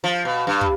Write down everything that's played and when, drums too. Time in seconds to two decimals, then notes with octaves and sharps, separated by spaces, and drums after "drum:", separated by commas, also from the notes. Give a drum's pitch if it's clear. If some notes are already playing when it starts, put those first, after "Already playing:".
0.04 F3
0.25 B2
0.47 G2
0.61 drum: kick